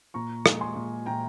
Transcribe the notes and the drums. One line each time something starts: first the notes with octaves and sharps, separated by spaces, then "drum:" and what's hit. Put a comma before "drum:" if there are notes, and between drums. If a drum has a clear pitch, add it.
A#2 A#5 C#6
G#3, drum: rim click
G#5 C6
A#2
A#2 G5 A#5